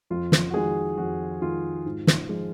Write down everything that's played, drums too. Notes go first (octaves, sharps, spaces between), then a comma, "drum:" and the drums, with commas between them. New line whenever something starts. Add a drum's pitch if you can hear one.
F2 F4
drum: snare
F#4
D#3 G#3 G#4
F2 F#4
D#3 G#3 F4
G#2
drum: snare
F3 G#3